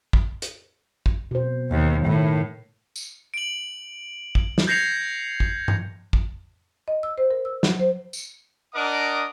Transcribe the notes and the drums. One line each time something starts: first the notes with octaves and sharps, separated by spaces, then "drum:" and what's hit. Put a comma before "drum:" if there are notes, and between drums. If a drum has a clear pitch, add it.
drum: kick
drum: hi-hat
drum: kick
B2 C5
D#2
A2 D#3
drum: tambourine
D7 F#7
drum: kick
drum: snare
G6 G#6 A#6 C7 C#7 F7
drum: kick
drum: tom G2
drum: kick
D#5
E6
C5
A#4
E6
F#3, drum: snare
C5
drum: tambourine
D4 A#4 D#5 F#5 D6 D#6